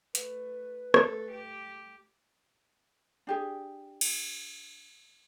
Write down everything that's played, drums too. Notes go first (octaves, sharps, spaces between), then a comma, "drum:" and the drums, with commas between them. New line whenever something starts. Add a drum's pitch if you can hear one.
A3 B4, drum: hi-hat
A3 A4, drum: rim click
G4
D4 G4 G#4
drum: cymbal